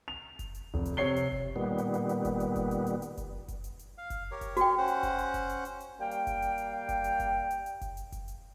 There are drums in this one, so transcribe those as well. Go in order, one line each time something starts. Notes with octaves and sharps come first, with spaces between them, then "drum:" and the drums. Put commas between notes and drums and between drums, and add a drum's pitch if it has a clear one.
F7
drum: kick F#1, hi-hat
drum: hi-hat
F1
drum: hi-hat
C3 C#5 C7 G7
drum: hi-hat
drum: kick F#1
A#2 D#3 G3 B3
drum: hi-hat
drum: hi-hat
drum: hi-hat
drum: kick F#1, hi-hat
drum: hi-hat
drum: kick F#1, hi-hat
drum: hi-hat
drum: hi-hat
drum: hi-hat
drum: kick F#1, hi-hat
drum: kick F#1, hi-hat
drum: hi-hat
drum: hi-hat
F5
drum: kick F#1, hi-hat
G4 A#4 C#5
drum: kick F#1, hi-hat
F#4 G5, drum: hi-hat
C#4 C5 F#5
drum: hi-hat
drum: kick F#1, hi-hat
drum: hi-hat
drum: kick F#1, hi-hat
drum: hi-hat
drum: hi-hat
drum: hi-hat
G3 A#3 F5 G5
drum: hi-hat
drum: kick F#1, hi-hat
drum: hi-hat
drum: hi-hat
drum: kick F#1, hi-hat
drum: hi-hat
drum: kick F#1, hi-hat
drum: hi-hat
drum: hi-hat
drum: kick F#1, hi-hat
drum: hi-hat
drum: kick F#1, hi-hat
drum: hi-hat